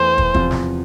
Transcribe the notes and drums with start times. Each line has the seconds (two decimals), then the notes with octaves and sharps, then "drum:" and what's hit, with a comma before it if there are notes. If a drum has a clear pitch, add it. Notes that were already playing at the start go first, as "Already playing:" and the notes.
Already playing: E2 E3 A3 C5
0.18 drum: kick
0.34 E2 C3 F3 C4 F4, drum: kick
0.51 drum: snare